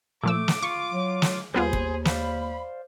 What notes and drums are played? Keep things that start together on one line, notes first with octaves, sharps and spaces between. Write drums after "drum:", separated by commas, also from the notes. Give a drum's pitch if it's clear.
A#2 F3 A3 D6 E6
drum: snare
F4 C#6
F#3
drum: snare
D#2 G3 B3 F4 G#4 C5 B5 C6
drum: kick
C5 D5 F5 B5, drum: snare